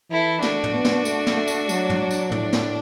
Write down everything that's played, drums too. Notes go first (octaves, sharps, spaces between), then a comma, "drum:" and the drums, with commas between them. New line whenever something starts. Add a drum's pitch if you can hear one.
E3 E4 A4
A3 D4 F#4, drum: snare
drum: tom
B3
drum: snare
A3, drum: tambourine
drum: snare
A3
drum: tambourine
F#3, drum: tambourine
drum: tom
drum: tambourine
A2 D4, drum: tom
drum: snare